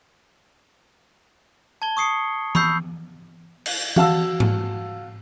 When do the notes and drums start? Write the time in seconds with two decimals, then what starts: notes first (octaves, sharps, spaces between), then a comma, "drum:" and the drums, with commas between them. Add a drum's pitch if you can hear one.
1.82 A5 G#6 G7
1.97 C#6 D#6 C7 C#7
2.55 B5 C#6 E6 G6 C7, drum: tom E3
3.66 drum: cymbal
3.96 F#4 F5 A5 E6, drum: tom E3
4.40 drum: tom G#2